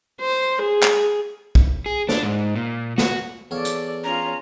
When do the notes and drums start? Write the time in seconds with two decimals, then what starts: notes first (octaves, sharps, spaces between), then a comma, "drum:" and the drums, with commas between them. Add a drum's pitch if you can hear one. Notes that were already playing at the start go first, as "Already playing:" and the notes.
0.21 C5
0.62 G#4
0.83 drum: clap
1.55 drum: kick
1.86 G#4
2.09 D4, drum: snare
2.23 G#2
2.55 A#2
2.98 F#4, drum: snare
3.51 E2 A4 C#5 D5 F5
3.65 drum: hi-hat
4.04 C#4 F4 A#5